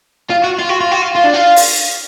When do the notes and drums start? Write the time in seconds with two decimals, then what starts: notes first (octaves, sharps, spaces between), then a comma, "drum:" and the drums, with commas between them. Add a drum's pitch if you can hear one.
0.30 F4
0.44 F#4
0.58 F4
0.69 F#4
0.80 F4
0.92 F#4
1.02 F4
1.15 F4
1.25 D4
1.34 F4
1.56 drum: open hi-hat